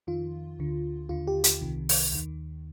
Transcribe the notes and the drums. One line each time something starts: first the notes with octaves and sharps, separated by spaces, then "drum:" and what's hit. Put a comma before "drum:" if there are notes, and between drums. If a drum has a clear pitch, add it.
F2 D#3 F4
D2 D3
D#2 D3 F4
G4
G4, drum: hi-hat
C2 C3 D#3
drum: open hi-hat
D#2 D#3